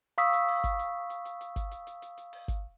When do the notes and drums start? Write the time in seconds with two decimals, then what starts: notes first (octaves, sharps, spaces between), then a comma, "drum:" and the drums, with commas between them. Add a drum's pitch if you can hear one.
0.18 F5 B5 C#6 D#6 E6 B6, drum: hi-hat
0.33 drum: hi-hat
0.48 drum: open hi-hat
0.64 drum: kick G#1, hi-hat
0.79 drum: hi-hat
1.10 drum: hi-hat
1.25 drum: hi-hat
1.41 drum: hi-hat
1.56 drum: kick G#1, hi-hat
1.71 drum: hi-hat
1.87 drum: hi-hat
2.02 drum: hi-hat
2.17 drum: hi-hat
2.33 drum: open hi-hat
2.48 drum: kick G#1, hi-hat